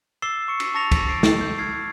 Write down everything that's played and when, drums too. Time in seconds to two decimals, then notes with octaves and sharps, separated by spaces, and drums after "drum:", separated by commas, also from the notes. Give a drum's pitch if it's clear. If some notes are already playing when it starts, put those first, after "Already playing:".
0.22 D6 E6 A6 C7 E7 G7
0.48 C#6 C#7
0.60 drum: cymbal
0.74 A5 C#6 A6 A#6 C#7 F7
0.92 drum: kick, cymbal
1.07 A6 C7 D7
1.23 drum: snare
1.41 G6
1.58 F6 G#6 C7